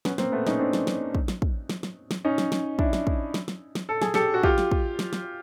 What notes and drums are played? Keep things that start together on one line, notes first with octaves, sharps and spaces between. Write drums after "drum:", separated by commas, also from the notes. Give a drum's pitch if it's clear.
B3 C#4, drum: snare
A#3 C4, drum: snare
A3 B3
C#4 D#4, drum: snare
C4 D4
drum: snare
drum: snare
drum: kick
drum: snare
drum: kick
drum: snare
drum: snare
drum: snare
C#4 D#4
drum: snare
drum: snare
D4 E4, drum: kick
drum: snare
drum: kick
drum: snare
drum: snare
drum: snare
A4
G#4, drum: snare
G4 A4, drum: snare
F#4
F4 G4, drum: kick
drum: snare
drum: kick
drum: snare
drum: snare